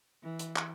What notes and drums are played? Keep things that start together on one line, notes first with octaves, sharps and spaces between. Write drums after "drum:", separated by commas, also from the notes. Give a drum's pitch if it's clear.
E3
drum: hi-hat
drum: clap